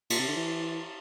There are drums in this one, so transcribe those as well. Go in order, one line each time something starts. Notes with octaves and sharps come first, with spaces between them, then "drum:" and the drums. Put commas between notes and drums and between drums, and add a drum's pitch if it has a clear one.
A#2, drum: cymbal
C3
D3
E3